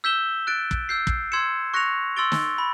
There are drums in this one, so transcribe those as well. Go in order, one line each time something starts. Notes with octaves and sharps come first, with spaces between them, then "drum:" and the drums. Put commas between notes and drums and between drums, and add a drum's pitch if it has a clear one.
E6 G6 B6 E7 G7
F#6 A6 D7
drum: kick
E6 G6 C7
drum: kick
C6 E6 G#6 C#7 E7
C#6 F#6 A#6 C#7 F7
C6 E6 A6 D7 G7
drum: snare
B5